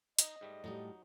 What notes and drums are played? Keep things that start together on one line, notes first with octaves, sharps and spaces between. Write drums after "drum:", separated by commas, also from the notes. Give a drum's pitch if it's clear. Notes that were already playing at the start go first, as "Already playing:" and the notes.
D#4 D#5, drum: hi-hat
G#2 G3 A3
A2 F#3 G3 D#4